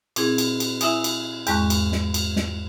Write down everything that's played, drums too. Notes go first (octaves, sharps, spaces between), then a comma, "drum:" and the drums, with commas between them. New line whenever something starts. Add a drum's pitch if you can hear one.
A#2 C4 E4 G#4, drum: cymbal
drum: cymbal
drum: cymbal
E4 E5 G#5 D#6, drum: cymbal
drum: cymbal
E2 G#2 G#3 A5 C#6 F#6, drum: cymbal
drum: cymbal
drum: snare
drum: cymbal
drum: snare